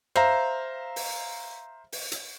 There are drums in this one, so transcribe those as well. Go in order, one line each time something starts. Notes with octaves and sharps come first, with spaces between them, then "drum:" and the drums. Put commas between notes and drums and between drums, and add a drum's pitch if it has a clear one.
C5 E5 F5 A#5, drum: rim click
drum: open hi-hat
drum: open hi-hat
drum: hi-hat